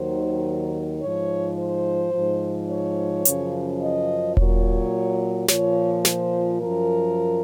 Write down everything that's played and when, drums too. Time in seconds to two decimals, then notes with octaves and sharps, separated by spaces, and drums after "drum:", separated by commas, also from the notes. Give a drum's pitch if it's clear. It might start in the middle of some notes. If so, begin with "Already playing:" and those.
Already playing: D#2 D#3 F#3 C5
1.02 G#2 F3 C#5
1.58 C5
2.14 G#2 F3
2.69 C#5
3.25 F#2 C#3 F3, drum: hi-hat
3.81 D#5
4.37 A#2 F#3 C#5, drum: kick E1
5.48 A#2 F3 C#5, drum: snare
6.05 C5, drum: snare
6.60 F#2 F3 A#4